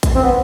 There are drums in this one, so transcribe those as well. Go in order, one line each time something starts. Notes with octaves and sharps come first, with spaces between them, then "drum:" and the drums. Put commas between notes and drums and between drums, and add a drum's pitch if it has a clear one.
drum: kick A1, hi-hat
C4
B3